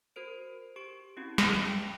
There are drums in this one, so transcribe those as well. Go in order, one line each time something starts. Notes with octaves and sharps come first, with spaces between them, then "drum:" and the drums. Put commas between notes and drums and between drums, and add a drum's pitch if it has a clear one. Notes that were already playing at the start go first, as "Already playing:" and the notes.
F#4 A#4 C5 D7
G4 C#6 D7
C4 C#4 E4 F#4 G4
D#5, drum: snare
G5 A5 B5 D7